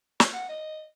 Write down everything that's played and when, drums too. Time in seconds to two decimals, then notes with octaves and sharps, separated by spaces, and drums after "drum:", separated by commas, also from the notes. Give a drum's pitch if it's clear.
0.20 C#5, drum: snare
0.33 F#5
0.49 D#5